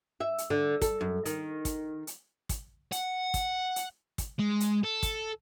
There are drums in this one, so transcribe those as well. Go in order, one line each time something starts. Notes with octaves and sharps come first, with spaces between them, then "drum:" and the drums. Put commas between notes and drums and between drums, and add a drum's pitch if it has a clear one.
E5
drum: hi-hat
D3
A4, drum: kick, hi-hat
F#2
D#3, drum: hi-hat
drum: kick, hi-hat
drum: hi-hat
drum: kick, hi-hat
F#5, drum: hi-hat
drum: kick, hi-hat
drum: hi-hat
drum: kick, hi-hat
G#3
drum: hi-hat
A4
drum: kick, hi-hat